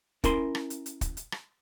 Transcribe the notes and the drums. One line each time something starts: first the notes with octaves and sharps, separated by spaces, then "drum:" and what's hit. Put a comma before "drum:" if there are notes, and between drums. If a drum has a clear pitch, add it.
C#4 E4 A#4 B5 C6, drum: kick, hi-hat
drum: rim click
drum: hi-hat
drum: hi-hat
drum: kick, hi-hat
drum: hi-hat
drum: rim click